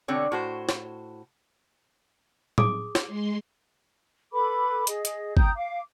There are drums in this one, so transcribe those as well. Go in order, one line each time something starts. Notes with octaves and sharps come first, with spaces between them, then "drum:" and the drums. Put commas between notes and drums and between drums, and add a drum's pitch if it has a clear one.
B2 D3 G3 C4 C#5
A2 F#4 C5
drum: snare
G#4 D6 D#6, drum: tom
drum: snare
G#3 C6
A4 B4 B5 D6
G#4 D#5, drum: hi-hat
drum: hi-hat
G5 A#5 D#6 G6, drum: kick G1
F5 D6